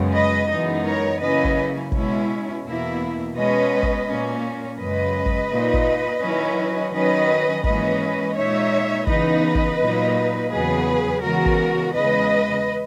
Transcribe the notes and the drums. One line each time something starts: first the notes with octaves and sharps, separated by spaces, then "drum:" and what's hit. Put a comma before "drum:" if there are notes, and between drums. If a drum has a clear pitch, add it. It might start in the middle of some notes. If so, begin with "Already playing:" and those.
Already playing: F#2 C#3 G#3 B3
B4 D#5
F#2 E3 G#3 B3 D#4
A#4 C#5
C#3 F#3 A#3 C#4 E4 B4 D#5
drum: kick
B2 G#3 C#4 E4, drum: kick
E2 B2 A#3 E4
B2 G#3 C#4 B4 D#5
drum: kick
A#2 A#3 C#4
F#2 C#3 G#3 B4 D#5
drum: kick
A#2 A#3 D#4
drum: kick
D#3 F#3 C#4 E4
D#3 F#3 C#4 B4 D#5
G#2 E3 A#3 C#4 B4 D#5, drum: kick
A#2 G#3 D#4 C#5 E5
C#3 E3 B3 D#4 B4 D#5, drum: kick
drum: kick
A#2 F#3 A#3 D#4
E2 C#3 F#3 B3 G#4 B4
C#3 E3 G#3 B3 F#4 A#4
drum: kick
E2 C#3 G#3 B4 D#5